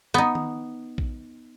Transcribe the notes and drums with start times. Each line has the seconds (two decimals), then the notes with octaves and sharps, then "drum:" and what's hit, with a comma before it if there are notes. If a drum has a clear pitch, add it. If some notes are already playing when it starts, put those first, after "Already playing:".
0.14 B3 D#4
0.35 drum: tom D#3
0.98 drum: kick A#1